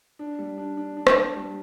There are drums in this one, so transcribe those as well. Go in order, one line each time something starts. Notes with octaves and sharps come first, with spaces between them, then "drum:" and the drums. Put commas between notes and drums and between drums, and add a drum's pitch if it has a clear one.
D4
G3
D4
D4
D4
drum: rim click
D4
G3